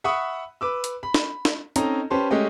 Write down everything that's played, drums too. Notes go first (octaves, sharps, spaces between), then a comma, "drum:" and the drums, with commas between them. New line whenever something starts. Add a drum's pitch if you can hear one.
E5 F#5 B5 C#6 D#6
B4 D6 E6
drum: hi-hat
B5
drum: snare
drum: snare
C4 C#4 D#4 A4 D#5 A#5, drum: hi-hat
C#4 G4 B4 C5 A5 C6
G#3 A3 C#4 G4 D#5 G5